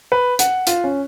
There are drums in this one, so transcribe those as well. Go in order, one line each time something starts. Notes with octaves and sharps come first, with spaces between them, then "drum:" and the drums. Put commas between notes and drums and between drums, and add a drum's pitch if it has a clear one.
B4
F#5, drum: hi-hat
F4, drum: hi-hat
C#4